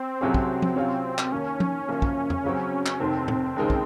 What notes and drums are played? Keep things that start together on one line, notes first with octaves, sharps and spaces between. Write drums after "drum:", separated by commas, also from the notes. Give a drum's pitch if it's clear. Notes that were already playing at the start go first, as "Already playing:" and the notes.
Already playing: C4
C2 C3 F#3 C#4 G#4
drum: kick
drum: tom F3
C3 F#3 C#4 F4
drum: clap
D#2 D#3 A#3 C#4
drum: tom F3
F#1 F#2 F3 A#3
drum: kick
drum: tom E2
C#3 F#3 C4
drum: clap
F1 D#2 D#3 C4
drum: tom A2
D#2 C#3 G#3 D#4 A#4
drum: kick